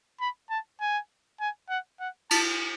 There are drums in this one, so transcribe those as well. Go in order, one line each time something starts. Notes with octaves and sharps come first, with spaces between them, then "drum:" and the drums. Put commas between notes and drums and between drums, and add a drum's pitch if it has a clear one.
B5
A5
G#5
G#5
F#5
F#5
A5, drum: cymbal